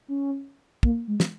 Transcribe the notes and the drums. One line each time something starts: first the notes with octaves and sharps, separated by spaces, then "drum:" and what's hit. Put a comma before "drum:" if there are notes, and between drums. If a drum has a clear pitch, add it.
C#4
A#3, drum: kick
G#3
drum: snare